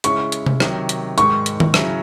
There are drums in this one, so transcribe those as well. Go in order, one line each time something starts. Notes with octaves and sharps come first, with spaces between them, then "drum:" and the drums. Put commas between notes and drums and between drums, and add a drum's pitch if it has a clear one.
C#3 G#3 C#4 E4 C#6, drum: hi-hat
drum: hi-hat
drum: tom C3
C3 D#3 F#3, drum: rim click
drum: hi-hat
G#2 D#3 G#3 C#6, drum: hi-hat
drum: hi-hat
drum: tom D#3
C#3 F#3 C#4 E4, drum: rim click